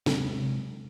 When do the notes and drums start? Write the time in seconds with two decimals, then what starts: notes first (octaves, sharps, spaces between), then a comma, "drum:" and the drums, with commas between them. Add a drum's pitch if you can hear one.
0.06 C3 F#3 G#3 C4, drum: snare